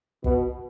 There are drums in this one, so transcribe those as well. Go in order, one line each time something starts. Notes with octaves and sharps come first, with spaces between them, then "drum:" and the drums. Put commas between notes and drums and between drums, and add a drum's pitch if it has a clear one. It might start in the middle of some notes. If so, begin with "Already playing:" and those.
B2, drum: kick